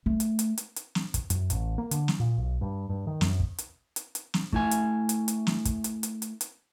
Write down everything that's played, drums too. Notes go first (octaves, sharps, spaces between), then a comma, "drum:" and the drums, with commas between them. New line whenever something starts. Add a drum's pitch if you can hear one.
A3
drum: hi-hat
drum: hi-hat
drum: hi-hat
drum: hi-hat
drum: snare
drum: kick, hi-hat
F#2, drum: hi-hat
A1, drum: hi-hat
A#3
D3, drum: hi-hat
drum: snare
A#2
B1
G2
G2
D#3
F#2, drum: snare
drum: kick
drum: hi-hat
drum: hi-hat
drum: hi-hat
drum: snare
A3 E4 G#5, drum: kick
drum: hi-hat
drum: hi-hat
drum: hi-hat
drum: snare
drum: kick, hi-hat
drum: hi-hat
drum: hi-hat
drum: hi-hat
drum: hi-hat